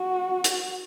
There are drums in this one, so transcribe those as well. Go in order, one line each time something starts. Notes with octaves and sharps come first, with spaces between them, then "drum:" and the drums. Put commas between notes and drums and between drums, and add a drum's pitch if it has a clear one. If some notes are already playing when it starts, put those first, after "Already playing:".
Already playing: F#4
drum: hi-hat